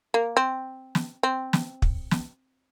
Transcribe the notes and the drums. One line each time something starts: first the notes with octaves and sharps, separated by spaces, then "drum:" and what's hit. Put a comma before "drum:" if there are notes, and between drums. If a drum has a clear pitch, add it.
A#3
C4
drum: snare
C4
drum: snare
drum: kick
drum: snare